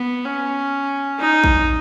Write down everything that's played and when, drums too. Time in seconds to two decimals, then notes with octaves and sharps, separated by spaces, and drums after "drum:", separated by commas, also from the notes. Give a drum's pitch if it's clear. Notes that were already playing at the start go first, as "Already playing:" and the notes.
Already playing: B3
0.25 C#4
1.19 D#4
1.44 drum: kick